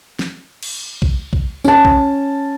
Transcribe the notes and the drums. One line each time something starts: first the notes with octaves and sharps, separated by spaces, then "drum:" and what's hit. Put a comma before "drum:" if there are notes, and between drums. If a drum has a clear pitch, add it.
drum: snare
drum: cymbal
drum: kick
drum: kick
C#4 A5, drum: tambourine
drum: kick